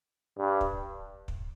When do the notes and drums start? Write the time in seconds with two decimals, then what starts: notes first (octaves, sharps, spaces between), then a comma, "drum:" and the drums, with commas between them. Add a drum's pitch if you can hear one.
0.38 G2
0.61 drum: kick
1.28 drum: kick